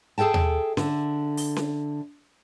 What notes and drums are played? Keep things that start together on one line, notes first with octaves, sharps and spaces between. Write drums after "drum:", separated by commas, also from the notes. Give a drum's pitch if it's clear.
G#4 A4 E5 G5 A5
drum: tom D#2
D3 E5, drum: snare C#4
drum: open hi-hat
drum: snare C#4